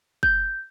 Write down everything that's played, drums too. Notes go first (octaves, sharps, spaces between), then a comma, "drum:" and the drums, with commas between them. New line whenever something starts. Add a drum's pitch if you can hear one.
G6, drum: kick F#1